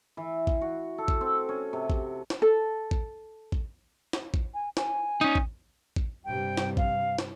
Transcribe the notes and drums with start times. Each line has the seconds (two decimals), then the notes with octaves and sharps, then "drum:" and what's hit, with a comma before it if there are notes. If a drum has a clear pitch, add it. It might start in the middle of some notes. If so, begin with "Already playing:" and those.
0.17 E3
0.47 drum: kick A1
0.61 F#4
0.98 A4
1.08 drum: kick A1
1.21 C4
1.49 C#4
1.73 C3
1.90 drum: kick A1
2.30 drum: snare
2.42 A4
2.91 drum: kick A1
3.52 drum: kick A1
4.13 drum: snare
4.34 drum: kick A1
4.54 G#5
4.77 G#5, drum: snare
5.21 C#4 D#4
5.35 drum: kick A1
5.96 drum: kick A1
6.25 G2 C3 G3 G5
6.57 drum: snare
6.77 F5, drum: kick A1
7.18 drum: snare